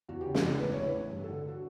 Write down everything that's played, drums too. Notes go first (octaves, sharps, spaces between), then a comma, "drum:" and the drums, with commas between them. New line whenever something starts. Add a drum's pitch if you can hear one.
E2 F#4
G4
C#3
F#4, drum: snare
E2 D4
A2 B4
C#5
E3
B4
A2
G2
D3 A4
F#4